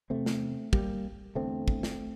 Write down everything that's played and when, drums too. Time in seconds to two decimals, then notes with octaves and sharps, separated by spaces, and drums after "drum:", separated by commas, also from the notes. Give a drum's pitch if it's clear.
0.10 E2 C3 A3 C4
0.26 drum: snare
0.73 G3 A#3, drum: kick
1.35 E2 D3 A3 C4
1.68 drum: kick
1.83 drum: snare